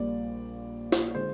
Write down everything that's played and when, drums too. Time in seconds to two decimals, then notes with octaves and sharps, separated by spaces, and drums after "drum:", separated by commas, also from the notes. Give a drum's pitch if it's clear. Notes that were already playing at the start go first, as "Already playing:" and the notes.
Already playing: A#1 A#2 G3 D5
0.92 drum: snare
1.15 D3 G#3 C5